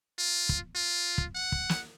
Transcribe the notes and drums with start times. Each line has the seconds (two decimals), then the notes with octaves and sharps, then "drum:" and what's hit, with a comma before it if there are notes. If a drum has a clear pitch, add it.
0.18 F4
0.49 drum: kick
0.75 F4
1.18 drum: kick
1.35 F#5
1.52 drum: kick
1.69 drum: snare